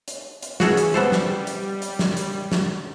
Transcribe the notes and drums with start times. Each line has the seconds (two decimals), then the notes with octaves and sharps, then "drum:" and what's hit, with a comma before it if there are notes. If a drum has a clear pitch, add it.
0.08 drum: hi-hat
0.43 drum: hi-hat
0.60 E3 C#4 F#4 G#4 A4, drum: snare
0.77 drum: hi-hat
0.94 G3 B3 A4 C5
1.12 drum: snare
1.47 drum: hi-hat
1.82 drum: hi-hat
1.99 drum: snare
2.17 drum: hi-hat
2.52 drum: snare